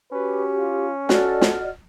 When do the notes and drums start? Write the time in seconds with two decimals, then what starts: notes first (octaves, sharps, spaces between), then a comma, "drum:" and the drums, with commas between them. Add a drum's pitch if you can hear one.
0.12 C#4 F#4 G4 B4
0.58 F4
1.09 F#4 A4 D5 D#5 F6, drum: snare
1.41 drum: snare